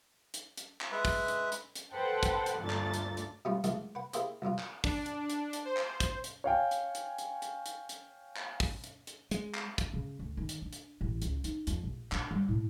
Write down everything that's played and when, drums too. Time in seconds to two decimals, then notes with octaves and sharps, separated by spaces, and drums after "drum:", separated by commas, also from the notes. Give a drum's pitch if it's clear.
0.34 drum: hi-hat
0.57 drum: hi-hat
0.81 drum: clap
0.92 G#3 B4 E5
1.05 drum: kick, open hi-hat
1.28 drum: hi-hat
1.52 drum: hi-hat
1.75 drum: hi-hat
1.92 A4 B4 C5 F#5 G5 A5
2.23 drum: kick, hi-hat
2.46 drum: hi-hat
2.60 G1 D2 A#2 A3 D4 A6
2.70 drum: clap
2.94 drum: hi-hat
3.17 drum: hi-hat
3.45 B2 G3 A3 C#4 F4
3.64 A#2 C#3 E3 F#3 G#3 A3, drum: hi-hat
3.95 B4 F#5
4.13 A#3 E4 G4 G#4 A#4 C5, drum: hi-hat
4.42 C2 F2 B2 F4
4.59 drum: clap
4.84 D4, drum: kick, open hi-hat
5.06 drum: hi-hat
5.30 drum: hi-hat
5.53 drum: hi-hat
5.65 C5
5.77 drum: clap
6.00 drum: kick, hi-hat
6.24 drum: hi-hat
6.44 C#5 F5 G5 G#5
6.71 drum: hi-hat
6.95 drum: hi-hat
7.18 drum: hi-hat
7.42 drum: hi-hat
7.66 drum: hi-hat
7.89 drum: hi-hat
8.36 drum: clap
8.60 drum: kick, open hi-hat
8.84 drum: hi-hat
9.07 drum: hi-hat
9.31 G#3, drum: hi-hat
9.55 drum: clap
9.78 drum: kick, hi-hat
9.94 C#3
10.19 D2
10.37 D#3
10.49 drum: hi-hat
10.62 D4
10.73 drum: hi-hat
11.01 A1
11.22 C#2, drum: hi-hat
11.44 D#4, drum: hi-hat
11.67 F2, drum: hi-hat
11.83 A#1
12.12 D4, drum: clap
12.31 G3
12.48 A2